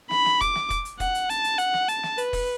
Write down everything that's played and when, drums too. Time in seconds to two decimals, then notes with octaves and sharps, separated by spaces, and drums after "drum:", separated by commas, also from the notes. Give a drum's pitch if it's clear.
0.11 B5, drum: snare
0.26 drum: snare
0.41 D6, drum: kick, hi-hat
0.55 drum: snare
0.70 drum: kick, hi-hat
0.85 drum: hi-hat
1.00 F#5, drum: kick, hi-hat
1.15 drum: hi-hat
1.30 A5, drum: hi-hat
1.44 drum: hi-hat
1.58 F#5, drum: hi-hat
1.74 drum: snare
1.89 A5, drum: hi-hat
2.03 drum: snare
2.18 B4, drum: hi-hat
2.33 drum: kick, open hi-hat